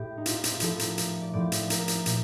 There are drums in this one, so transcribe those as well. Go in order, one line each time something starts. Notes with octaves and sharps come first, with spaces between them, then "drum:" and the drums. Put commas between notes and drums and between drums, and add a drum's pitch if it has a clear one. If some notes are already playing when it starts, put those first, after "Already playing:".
Already playing: A2 G4
D#4
F4, drum: hi-hat
F4, drum: hi-hat
A2 F3 A4, drum: hi-hat
A#4, drum: hi-hat
drum: hi-hat
D5
A2 F3 D5
drum: hi-hat
A#4, drum: hi-hat
drum: hi-hat
A#2, drum: hi-hat